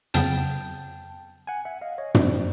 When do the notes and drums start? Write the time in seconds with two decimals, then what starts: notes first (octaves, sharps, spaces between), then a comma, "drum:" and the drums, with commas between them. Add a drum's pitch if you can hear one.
0.14 F2 C#3 F#3 B3 G5 A5, drum: hi-hat
1.47 F#5 G#5
1.65 E5 F#5
1.81 D#5 F5
1.98 C#5 D#5
2.15 C5 D5, drum: tom